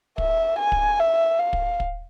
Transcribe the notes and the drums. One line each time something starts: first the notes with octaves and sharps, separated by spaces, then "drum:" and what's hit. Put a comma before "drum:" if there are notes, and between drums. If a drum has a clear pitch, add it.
E5, drum: kick
G#5
drum: kick
E5
F5
drum: kick
drum: kick